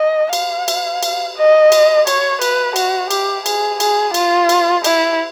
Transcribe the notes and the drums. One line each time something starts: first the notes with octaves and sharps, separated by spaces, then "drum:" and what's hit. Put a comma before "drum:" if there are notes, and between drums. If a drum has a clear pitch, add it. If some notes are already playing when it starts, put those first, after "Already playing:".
Already playing: D#5
F5, drum: cymbal
drum: cymbal
drum: cymbal
D#5
drum: cymbal
C#5, drum: cymbal
B4, drum: cymbal
F#4, drum: cymbal
G4, drum: cymbal
G#4, drum: cymbal
G#4, drum: cymbal
F4, drum: cymbal
drum: cymbal
E4, drum: cymbal